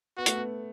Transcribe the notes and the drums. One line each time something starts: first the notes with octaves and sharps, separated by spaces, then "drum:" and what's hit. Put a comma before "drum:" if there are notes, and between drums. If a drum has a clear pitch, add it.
B3 F#4
A3, drum: hi-hat
B3